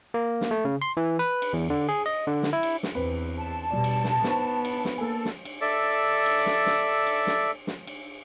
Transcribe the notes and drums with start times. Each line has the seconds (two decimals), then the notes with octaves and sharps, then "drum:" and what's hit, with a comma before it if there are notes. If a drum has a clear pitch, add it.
0.14 A#3
0.41 drum: snare
0.51 A3
0.65 C#3
0.82 C6
0.97 E3
1.19 B4
1.42 drum: cymbal
1.53 E2
1.70 D3
1.89 G#4
2.06 D#5
2.27 D3
2.43 drum: snare
2.53 E4
2.63 drum: cymbal
2.83 drum: snare
2.95 E2 C4 B4 C5
3.38 A5
3.71 B2 G3 D5
3.84 drum: cymbal
4.04 drum: snare
4.24 B3 D#4 C5 C#6, drum: snare
4.65 drum: cymbal
4.85 drum: snare
4.98 A#3 A4 G#5
5.25 drum: snare
5.45 drum: cymbal
5.61 A4 D5 E5
6.26 drum: cymbal
6.46 drum: snare
6.66 drum: snare
7.07 drum: cymbal
7.27 drum: snare
7.67 drum: snare
7.87 drum: cymbal